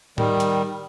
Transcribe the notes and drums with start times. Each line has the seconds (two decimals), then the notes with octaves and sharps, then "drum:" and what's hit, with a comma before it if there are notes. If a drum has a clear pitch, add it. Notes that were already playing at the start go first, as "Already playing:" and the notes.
0.18 D#3 G3, drum: tom A2
0.40 drum: hi-hat